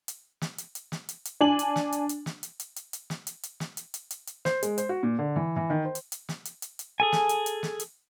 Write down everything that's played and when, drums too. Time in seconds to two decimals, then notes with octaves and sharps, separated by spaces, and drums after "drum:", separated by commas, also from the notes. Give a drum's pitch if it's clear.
0.08 drum: hi-hat
0.42 drum: snare
0.58 drum: hi-hat
0.75 drum: hi-hat
0.92 drum: snare
1.09 drum: hi-hat
1.25 drum: hi-hat
1.41 D4 G#5 F#7
1.59 drum: hi-hat
1.76 drum: snare
1.92 drum: hi-hat
2.09 drum: hi-hat
2.26 drum: snare
2.43 drum: hi-hat
2.60 drum: hi-hat
2.76 drum: hi-hat
2.93 drum: hi-hat
3.10 drum: snare
3.27 drum: hi-hat
3.43 drum: hi-hat
3.60 drum: snare
3.77 drum: hi-hat
3.94 drum: hi-hat
4.11 drum: hi-hat
4.27 drum: hi-hat
4.45 C5, drum: snare
4.63 G#3, drum: hi-hat
4.78 C5, drum: hi-hat
4.89 F#4
5.03 A#2
5.19 D3
5.36 E3
5.56 E3
5.70 D#3
5.85 C5
5.95 drum: hi-hat
6.12 drum: hi-hat
6.29 drum: snare
6.45 drum: hi-hat
6.62 drum: hi-hat
6.79 drum: hi-hat
7.00 G#4 A4 G#5
7.12 drum: snare
7.29 drum: hi-hat
7.46 drum: hi-hat
7.63 drum: snare
7.80 drum: hi-hat